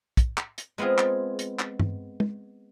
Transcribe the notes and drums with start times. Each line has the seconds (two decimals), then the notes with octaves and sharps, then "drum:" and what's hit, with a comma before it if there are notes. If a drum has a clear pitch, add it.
0.17 drum: kick, hi-hat
0.38 drum: clap
0.58 drum: hi-hat
0.78 G#3 B3 C4 F4 G#4
0.98 drum: clap
1.39 drum: hi-hat
1.59 drum: clap
1.80 drum: tom G2
2.20 drum: tom